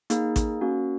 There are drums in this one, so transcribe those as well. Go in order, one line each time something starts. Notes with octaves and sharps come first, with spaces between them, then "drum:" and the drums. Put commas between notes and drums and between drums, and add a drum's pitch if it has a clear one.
A#3 D#4 G#4, drum: hi-hat
drum: kick A1, hi-hat
A#3 C#4 F#4